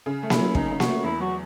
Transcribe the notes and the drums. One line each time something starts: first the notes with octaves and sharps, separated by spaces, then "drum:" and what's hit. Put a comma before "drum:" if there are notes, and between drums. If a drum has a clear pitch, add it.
C#3
A3
E4, drum: snare A#3
F#3
C#3 D#4, drum: kick
C#3
F#4, drum: snare A#3
A3
E2 E4
F#3 F#4